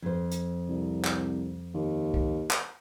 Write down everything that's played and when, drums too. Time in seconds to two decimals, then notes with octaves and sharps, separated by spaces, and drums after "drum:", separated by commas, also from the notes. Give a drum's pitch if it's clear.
0.02 F2 C5
0.32 drum: hi-hat
0.68 C2
1.05 drum: clap
1.74 D#2
2.14 drum: kick C2
2.50 drum: clap